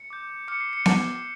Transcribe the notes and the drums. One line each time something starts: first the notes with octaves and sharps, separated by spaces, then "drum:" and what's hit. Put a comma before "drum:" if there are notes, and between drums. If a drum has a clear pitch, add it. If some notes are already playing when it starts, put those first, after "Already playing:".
Already playing: C#7
D6 G6
D6 F6 C#7
C7
C#7
D6, drum: snare B3